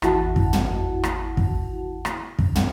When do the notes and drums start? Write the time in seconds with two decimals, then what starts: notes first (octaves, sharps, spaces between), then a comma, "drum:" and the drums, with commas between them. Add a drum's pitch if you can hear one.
0.02 G#1 E2 E4 F#4 F#5 A5, drum: rim click
0.36 drum: kick
0.53 drum: tom
1.03 drum: rim click
1.37 drum: kick
2.05 drum: rim click
2.39 drum: kick
2.55 drum: tom